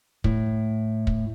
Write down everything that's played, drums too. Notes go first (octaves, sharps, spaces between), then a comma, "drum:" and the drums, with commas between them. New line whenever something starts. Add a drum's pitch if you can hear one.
A2, drum: kick
drum: kick